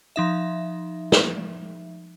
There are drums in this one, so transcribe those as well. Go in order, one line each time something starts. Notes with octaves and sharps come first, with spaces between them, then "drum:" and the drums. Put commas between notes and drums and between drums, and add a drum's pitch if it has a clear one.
F3 D#4 E5
drum: snare